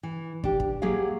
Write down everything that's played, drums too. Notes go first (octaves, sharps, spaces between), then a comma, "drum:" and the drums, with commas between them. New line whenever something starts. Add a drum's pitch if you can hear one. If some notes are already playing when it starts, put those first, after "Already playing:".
E3
D4 G4, drum: kick
drum: kick
F#3 A#3 G4 G#4 F5